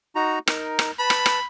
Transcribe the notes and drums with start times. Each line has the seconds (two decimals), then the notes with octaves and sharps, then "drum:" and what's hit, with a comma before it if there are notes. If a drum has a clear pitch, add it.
0.16 D#4 F#4 A#5
0.47 D#4 A#4, drum: rim click
0.79 drum: rim click
0.99 B4 A5 B5
1.10 drum: rim click
1.26 drum: rim click